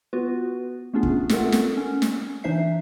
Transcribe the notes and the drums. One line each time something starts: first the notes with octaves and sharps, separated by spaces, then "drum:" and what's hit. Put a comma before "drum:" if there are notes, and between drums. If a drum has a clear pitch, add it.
B3 F4 F#4 B4
A3 B3 C#4 D4 F4 G#4
drum: kick
A3 C4 F4 A4 A#4 F#5, drum: snare
drum: snare
C#4
drum: snare
E3 D4 D#4 C5 E5 C7